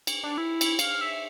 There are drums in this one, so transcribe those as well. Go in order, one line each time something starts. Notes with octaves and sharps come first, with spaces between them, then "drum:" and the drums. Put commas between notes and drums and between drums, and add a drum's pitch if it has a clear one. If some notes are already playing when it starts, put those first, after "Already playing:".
drum: cymbal
D4
E4
drum: cymbal
F5, drum: cymbal
E5